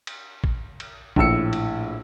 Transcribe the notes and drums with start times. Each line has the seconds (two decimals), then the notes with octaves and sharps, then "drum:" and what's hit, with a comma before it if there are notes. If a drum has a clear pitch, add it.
0.07 drum: cymbal
0.44 drum: kick
0.80 drum: cymbal
1.16 A#1 A2 E6 C#7, drum: kick
1.53 drum: cymbal